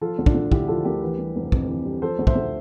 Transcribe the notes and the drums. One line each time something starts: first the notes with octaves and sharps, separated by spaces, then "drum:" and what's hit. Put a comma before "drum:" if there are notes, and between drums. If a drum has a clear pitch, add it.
F3 F4 A4
D2
D4 F4, drum: kick
D2
D3 E4 G4, drum: kick
F3 F4 A4
D2 G4 A#4
E3
G3
F1
F2, drum: kick
E3
G3
F3 A4 C5
D2
C5 E5, drum: kick
D2